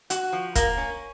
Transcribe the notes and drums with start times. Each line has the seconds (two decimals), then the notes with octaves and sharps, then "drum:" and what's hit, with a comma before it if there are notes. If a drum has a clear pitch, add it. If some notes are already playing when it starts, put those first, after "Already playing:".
0.10 F#4, drum: hi-hat
0.33 F3
0.55 A#3, drum: kick, hi-hat
0.77 C#4